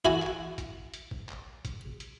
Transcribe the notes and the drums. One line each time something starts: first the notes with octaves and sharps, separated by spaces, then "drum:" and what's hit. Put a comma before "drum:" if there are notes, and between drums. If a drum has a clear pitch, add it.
E4 F#4 G#5, drum: kick
drum: clap
drum: kick, hi-hat
drum: hi-hat
drum: kick
drum: clap
drum: kick, hi-hat
drum: hi-hat